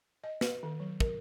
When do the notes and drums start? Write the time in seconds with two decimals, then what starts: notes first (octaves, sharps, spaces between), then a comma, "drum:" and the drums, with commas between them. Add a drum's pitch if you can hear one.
0.24 D#5
0.41 B4, drum: snare
0.63 D#3
0.80 F#3
1.00 A#4, drum: kick